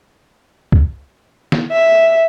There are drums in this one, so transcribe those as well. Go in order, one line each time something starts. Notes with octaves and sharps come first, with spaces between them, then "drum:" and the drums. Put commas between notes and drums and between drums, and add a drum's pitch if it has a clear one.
drum: kick
drum: snare
E5